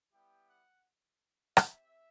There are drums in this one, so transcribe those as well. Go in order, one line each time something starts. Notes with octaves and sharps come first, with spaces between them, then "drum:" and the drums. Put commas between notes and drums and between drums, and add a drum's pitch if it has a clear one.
G3 B3 E4 G4 G5
F#5
C4 G4 E5, drum: rim click